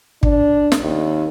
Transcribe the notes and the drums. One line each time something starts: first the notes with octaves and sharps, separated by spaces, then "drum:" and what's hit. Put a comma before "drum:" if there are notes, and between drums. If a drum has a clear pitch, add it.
D4, drum: kick
drum: snare
D#2